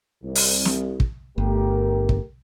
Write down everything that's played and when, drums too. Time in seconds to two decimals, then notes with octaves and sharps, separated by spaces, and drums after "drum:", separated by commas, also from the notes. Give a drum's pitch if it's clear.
0.24 C2
0.35 drum: open hi-hat
0.65 drum: snare
1.00 drum: kick
1.38 G1 A3 G4 A#4
2.09 drum: kick